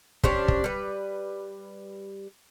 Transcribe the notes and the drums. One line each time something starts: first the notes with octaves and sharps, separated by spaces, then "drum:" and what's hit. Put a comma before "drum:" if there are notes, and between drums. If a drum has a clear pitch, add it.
C#4 D4 G4 C5, drum: kick
drum: kick
G3 B4